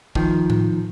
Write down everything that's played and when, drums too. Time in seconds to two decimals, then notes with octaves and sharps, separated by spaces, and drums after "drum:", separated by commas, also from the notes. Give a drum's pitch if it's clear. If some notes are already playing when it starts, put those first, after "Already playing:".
0.15 D#3 F3, drum: kick
0.50 drum: tom A2